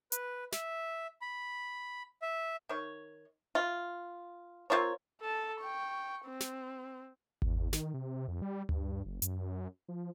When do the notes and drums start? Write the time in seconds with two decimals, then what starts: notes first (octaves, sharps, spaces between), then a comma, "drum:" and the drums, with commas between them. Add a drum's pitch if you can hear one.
0.12 B4, drum: hi-hat
0.52 E5, drum: snare
1.21 B5
2.22 E5
2.69 D#3 C#5
3.55 F4
4.70 C4 F4 A#4 C#5
5.21 A4 A5
5.60 G5 C#6
6.26 C4
6.40 drum: snare
7.42 E2, drum: kick G#1
7.73 D#3, drum: snare
7.94 C3
8.28 F2
8.42 G3
8.69 G2, drum: tom D2
9.06 F#1
9.22 F#2, drum: hi-hat
9.88 F3